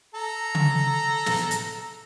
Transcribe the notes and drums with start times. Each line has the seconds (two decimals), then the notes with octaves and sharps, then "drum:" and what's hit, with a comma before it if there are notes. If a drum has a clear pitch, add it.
0.15 A4 A#5
0.55 drum: tom C#3
1.26 drum: snare
1.51 drum: hi-hat